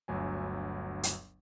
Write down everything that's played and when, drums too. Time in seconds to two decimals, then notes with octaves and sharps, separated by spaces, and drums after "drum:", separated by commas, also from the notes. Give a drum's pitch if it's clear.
0.08 G1 D2 F#3 G#5
1.03 drum: hi-hat